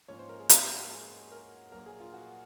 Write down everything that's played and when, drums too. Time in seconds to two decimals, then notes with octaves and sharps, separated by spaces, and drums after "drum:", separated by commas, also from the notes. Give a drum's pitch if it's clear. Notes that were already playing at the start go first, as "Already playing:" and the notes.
0.08 G#2 F3 A#3 C#4 C#5
0.19 C5
0.29 A#4
0.39 G#4
0.49 F#4, drum: hi-hat
0.90 G#4
1.32 A#4
1.72 A#1 A#2 F#3 A#3 A#4
1.86 G#4
2.00 F4
2.13 F#4